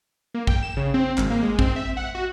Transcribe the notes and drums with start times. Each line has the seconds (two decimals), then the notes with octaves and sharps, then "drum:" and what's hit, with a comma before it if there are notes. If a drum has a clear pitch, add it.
0.34 A#3
0.47 G5, drum: kick A1
0.62 E7
0.77 C#3
0.94 C4
1.18 G#1, drum: clap
1.30 A#3
1.43 G#3
1.59 C4, drum: kick A1
1.76 E5
1.97 F#5
2.15 F#4